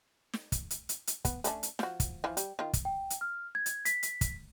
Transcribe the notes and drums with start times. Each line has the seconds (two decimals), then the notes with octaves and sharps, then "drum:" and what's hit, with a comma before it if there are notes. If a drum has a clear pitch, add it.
0.34 drum: snare
0.52 drum: kick, hi-hat
0.70 drum: hi-hat
0.89 drum: hi-hat
1.07 drum: hi-hat
1.25 B3, drum: kick, hi-hat
1.44 A3 C#4 D4, drum: hi-hat
1.63 drum: hi-hat
1.79 F3 F#4, drum: snare
2.00 drum: kick, hi-hat
2.24 E3 F3
2.37 G3, drum: hi-hat
2.59 D#3 F4
2.73 drum: kick, hi-hat
2.85 G5
3.10 drum: hi-hat
3.21 F6
3.55 G#6
3.66 drum: hi-hat
3.85 B6, drum: hi-hat
4.03 drum: hi-hat
4.21 drum: kick, hi-hat